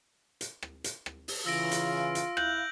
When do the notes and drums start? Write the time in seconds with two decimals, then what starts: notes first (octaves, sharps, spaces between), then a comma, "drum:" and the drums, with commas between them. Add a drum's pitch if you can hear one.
0.41 drum: hi-hat
0.62 drum: rim click
0.84 drum: hi-hat
1.06 drum: rim click
1.28 drum: open hi-hat
1.46 C#3 E3 F4 E6 A#6 D7
1.71 drum: hi-hat
2.15 drum: hi-hat
2.37 E4 F5 F#6 G6 F#7, drum: rim click